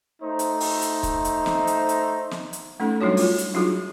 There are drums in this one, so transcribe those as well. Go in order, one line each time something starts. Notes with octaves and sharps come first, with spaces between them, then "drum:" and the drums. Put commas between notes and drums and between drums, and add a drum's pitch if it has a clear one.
A3 D#4 C5 E5
drum: hi-hat
drum: open hi-hat
drum: hi-hat
drum: kick C#1, hi-hat
drum: hi-hat
drum: snare
drum: hi-hat
drum: hi-hat
drum: snare
drum: hi-hat
A3 C#4 D#4 A4
F#3 G3 D4 D#4 F#4 C#5
F4 F#4, drum: open hi-hat
drum: hi-hat
F#3 D4 D#4 F4 F#4 G#4